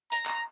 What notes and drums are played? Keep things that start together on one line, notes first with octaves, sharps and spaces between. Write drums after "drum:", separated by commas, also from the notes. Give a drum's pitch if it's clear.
A#5, drum: hi-hat
drum: clap